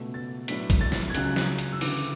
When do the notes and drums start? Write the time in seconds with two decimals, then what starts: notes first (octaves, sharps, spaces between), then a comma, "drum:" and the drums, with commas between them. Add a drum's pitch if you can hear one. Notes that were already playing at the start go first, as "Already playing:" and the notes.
Already playing: C#2 B2 A3
0.14 A6
0.48 A2 F#3 B3 D4 B6, drum: hi-hat
0.70 drum: kick B1, hi-hat
0.81 A6
0.92 drum: snare
1.10 G#6
1.15 C#2 C#3 F#3 F#6, drum: hi-hat
1.36 drum: snare
1.59 drum: hi-hat
1.72 E6
1.81 D2 C#3 E3 D6, drum: open hi-hat